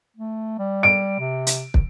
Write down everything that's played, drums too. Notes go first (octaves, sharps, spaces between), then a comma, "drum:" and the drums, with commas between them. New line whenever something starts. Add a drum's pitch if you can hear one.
A3
G3
D7
C3
drum: hi-hat
drum: kick